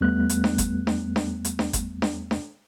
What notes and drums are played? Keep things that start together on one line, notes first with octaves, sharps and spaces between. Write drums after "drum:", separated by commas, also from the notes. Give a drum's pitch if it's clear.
E2 G3 A3 B3 F#6
drum: hi-hat
drum: snare D4
drum: kick G1, hi-hat
drum: snare D4
drum: snare D4
drum: hi-hat
drum: snare D4
drum: kick G1, hi-hat
drum: snare D4
drum: snare D4